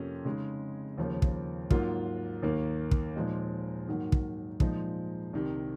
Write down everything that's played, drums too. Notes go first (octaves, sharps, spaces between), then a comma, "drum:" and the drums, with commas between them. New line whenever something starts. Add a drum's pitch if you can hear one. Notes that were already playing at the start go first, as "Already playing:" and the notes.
Already playing: F2 C3 F3 A#3 C#4
C#3 G#3 D#4
D#2 C#3 F3 A#3
drum: kick
G#2 F#3 A#3 F4, drum: kick
D#2 D#3 A#3
drum: kick
A#2 F3 G#3 D#4
G#2 D#3 F#3 A#3
drum: kick
A#2 F3 G#3 D#4, drum: kick
C2 C3 D#3